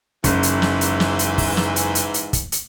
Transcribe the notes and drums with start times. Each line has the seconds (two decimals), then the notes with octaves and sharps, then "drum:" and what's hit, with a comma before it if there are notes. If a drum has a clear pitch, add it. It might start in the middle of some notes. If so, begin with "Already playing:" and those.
0.24 F#1 G#2 E3, drum: kick, hi-hat
0.43 drum: hi-hat
0.62 drum: snare
0.81 drum: hi-hat
1.00 drum: snare
1.19 drum: hi-hat
1.38 drum: kick, open hi-hat
1.57 drum: snare
1.76 drum: hi-hat
1.95 drum: hi-hat
2.14 drum: hi-hat
2.33 drum: kick, hi-hat
2.52 drum: hi-hat